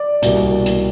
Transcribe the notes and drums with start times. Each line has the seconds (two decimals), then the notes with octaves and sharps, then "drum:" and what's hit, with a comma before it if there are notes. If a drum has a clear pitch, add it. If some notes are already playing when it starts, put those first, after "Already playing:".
Already playing: D5
0.22 C2 B2 G3 A#3, drum: hi-hat
0.66 drum: hi-hat